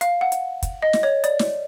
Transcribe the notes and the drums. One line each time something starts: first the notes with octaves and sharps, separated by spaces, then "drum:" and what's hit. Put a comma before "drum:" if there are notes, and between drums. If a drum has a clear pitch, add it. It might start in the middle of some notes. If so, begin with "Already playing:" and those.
F5, drum: hi-hat
F#5
drum: hi-hat
drum: kick, hi-hat
D#5
drum: snare
C#5
D5, drum: hi-hat
drum: snare